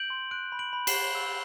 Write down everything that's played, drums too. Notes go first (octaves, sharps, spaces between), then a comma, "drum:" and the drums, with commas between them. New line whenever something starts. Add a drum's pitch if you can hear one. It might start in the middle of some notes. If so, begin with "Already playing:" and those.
Already playing: G6 D7 F#7
C6
F#6 D7 F#7
B5
D7 F#7
B5
C7 E7, drum: cymbal
F#6
E6